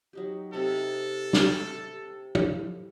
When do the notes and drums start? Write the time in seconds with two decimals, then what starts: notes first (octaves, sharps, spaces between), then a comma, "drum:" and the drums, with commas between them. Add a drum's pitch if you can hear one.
0.13 F#3 D#4 G4
0.53 C3 D#4 A4
1.33 drum: snare
2.35 drum: tom